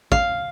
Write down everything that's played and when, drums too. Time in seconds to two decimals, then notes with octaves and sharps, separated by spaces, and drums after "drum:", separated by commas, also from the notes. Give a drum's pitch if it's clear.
0.12 F5, drum: kick